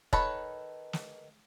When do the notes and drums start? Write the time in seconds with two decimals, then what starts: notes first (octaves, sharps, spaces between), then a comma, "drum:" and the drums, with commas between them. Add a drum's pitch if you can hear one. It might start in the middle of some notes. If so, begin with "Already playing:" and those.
0.13 D#3 A4 B4 C#5 B5, drum: kick E1
0.93 drum: snare